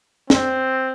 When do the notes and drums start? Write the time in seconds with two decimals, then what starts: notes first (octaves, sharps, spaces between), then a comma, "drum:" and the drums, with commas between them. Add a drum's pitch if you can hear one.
0.30 C4, drum: snare